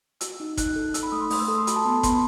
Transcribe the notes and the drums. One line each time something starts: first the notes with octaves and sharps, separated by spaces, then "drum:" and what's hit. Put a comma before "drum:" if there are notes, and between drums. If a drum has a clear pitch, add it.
F#4 E6, drum: hi-hat
D#4
D#4 F#6, drum: kick F#1, hi-hat
A4
D#4 E6, drum: hi-hat
B5
A3 D#6
C6
A3 D#6, drum: open hi-hat
E6
A4 D#6
C6
F#4 B5, drum: hi-hat
A5
B3
B5
B3 C6, drum: kick F#1, hi-hat